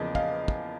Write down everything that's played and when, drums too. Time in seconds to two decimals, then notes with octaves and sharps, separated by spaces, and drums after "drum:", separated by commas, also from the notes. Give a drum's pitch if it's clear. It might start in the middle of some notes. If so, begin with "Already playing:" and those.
Already playing: E2 C#3 F3 A#3 D#5
0.15 D#5 F5, drum: kick
0.48 drum: kick